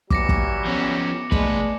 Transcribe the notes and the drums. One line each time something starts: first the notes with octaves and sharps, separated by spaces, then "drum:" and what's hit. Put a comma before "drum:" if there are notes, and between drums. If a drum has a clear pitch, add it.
E3 F#3 G3 D6 A#6 C#7, drum: kick
drum: kick
F3 B3 C#4
C2 G#3 A3 B4 D5 G#5, drum: kick